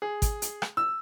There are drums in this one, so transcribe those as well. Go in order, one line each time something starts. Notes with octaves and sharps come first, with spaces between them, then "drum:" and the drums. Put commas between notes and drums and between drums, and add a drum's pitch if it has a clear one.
G#4
drum: kick, hi-hat
drum: hi-hat
drum: rim click
E6